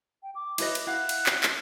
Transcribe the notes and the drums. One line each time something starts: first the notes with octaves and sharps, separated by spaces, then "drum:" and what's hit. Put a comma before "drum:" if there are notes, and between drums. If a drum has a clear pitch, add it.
G5
D6
E4 B4 D#5, drum: cymbal
drum: cymbal
E4 F5 F#5 F#6
drum: cymbal
drum: clap
drum: clap